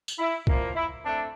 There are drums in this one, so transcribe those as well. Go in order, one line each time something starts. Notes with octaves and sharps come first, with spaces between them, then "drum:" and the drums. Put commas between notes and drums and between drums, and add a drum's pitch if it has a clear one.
drum: tambourine
E4
A#2 F3 A#3, drum: kick
E4
A3 C4 D4